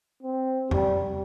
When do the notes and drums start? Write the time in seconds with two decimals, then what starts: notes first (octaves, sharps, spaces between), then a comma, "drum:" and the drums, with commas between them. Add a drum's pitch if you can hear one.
0.23 C4
0.71 G3, drum: tom E2